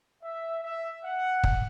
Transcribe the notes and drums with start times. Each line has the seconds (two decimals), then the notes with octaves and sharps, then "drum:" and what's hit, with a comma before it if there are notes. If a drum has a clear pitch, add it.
0.23 E5
0.63 E5
1.04 F#5
1.44 drum: kick